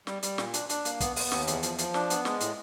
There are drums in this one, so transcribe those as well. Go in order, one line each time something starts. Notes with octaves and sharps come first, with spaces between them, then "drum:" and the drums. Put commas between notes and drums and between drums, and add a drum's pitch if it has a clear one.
G3, drum: snare
G3, drum: hi-hat
A#2, drum: snare
D4, drum: hi-hat
D4, drum: hi-hat
A#3, drum: hi-hat
B3, drum: kick, hi-hat
B3, drum: open hi-hat
D#2, drum: snare
E2, drum: hi-hat
F3, drum: hi-hat
F3, drum: hi-hat
D4, drum: snare
B3, drum: hi-hat
G#3, drum: snare
A2, drum: hi-hat